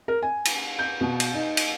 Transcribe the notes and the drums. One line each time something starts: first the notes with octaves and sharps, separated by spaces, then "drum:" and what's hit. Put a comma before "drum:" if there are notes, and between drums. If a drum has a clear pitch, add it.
A#4
G#5
drum: cymbal
G6
B2
drum: cymbal
D#4
drum: cymbal